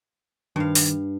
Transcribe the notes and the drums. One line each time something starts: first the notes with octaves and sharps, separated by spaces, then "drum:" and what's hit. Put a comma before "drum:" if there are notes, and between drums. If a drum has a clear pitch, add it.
G2 D#3 F5
drum: open hi-hat